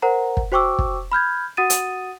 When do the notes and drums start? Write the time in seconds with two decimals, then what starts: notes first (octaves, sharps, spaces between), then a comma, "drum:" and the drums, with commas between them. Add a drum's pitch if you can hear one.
0.02 A#4 C5 F#5 A#5
0.37 drum: kick
0.52 F#4 C5 G5 C#6 D6 E6
0.79 drum: kick
1.12 B5 F6 G6 G#6
1.57 F#4 F#5 D#6 A6 D#7
1.70 drum: hi-hat